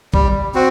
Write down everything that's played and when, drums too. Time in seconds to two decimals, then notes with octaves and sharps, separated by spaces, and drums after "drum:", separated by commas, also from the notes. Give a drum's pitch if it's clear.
0.14 G3, drum: kick A#1
0.54 C4 F#4